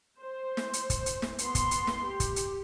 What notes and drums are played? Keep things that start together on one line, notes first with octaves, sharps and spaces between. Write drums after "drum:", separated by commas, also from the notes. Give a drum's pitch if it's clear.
C5
drum: snare
drum: hi-hat
drum: kick, hi-hat
drum: hi-hat
drum: snare
B3 C6, drum: hi-hat
drum: kick, hi-hat
drum: hi-hat
drum: snare
G4
drum: kick, hi-hat
drum: hi-hat